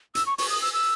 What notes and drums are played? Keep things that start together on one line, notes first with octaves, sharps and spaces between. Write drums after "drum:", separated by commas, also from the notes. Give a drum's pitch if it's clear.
E6, drum: hi-hat
C#6
C#6, drum: open hi-hat
D#6
E6
E6